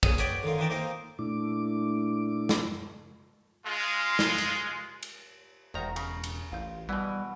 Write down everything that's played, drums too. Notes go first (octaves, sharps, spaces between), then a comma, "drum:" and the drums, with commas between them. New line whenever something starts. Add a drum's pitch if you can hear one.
A#1 F#2 G#4 D#6, drum: kick
F#4 B4 C#5 D5 G5, drum: hi-hat
D3 D#3 F4
D#3 E3 D4 G5 A5 A#5
A#3 C4 D#4 F4 A#4
A#2 A3 D4 E4 D6
drum: snare
G#3 F4
drum: snare
drum: cymbal
drum: cymbal
E1 C2 D#3 F#4 A#4 A#5
C#3 A#5, drum: cymbal
drum: cymbal
A1 F4 G6
B2 E3 G3 B3 G#5 G6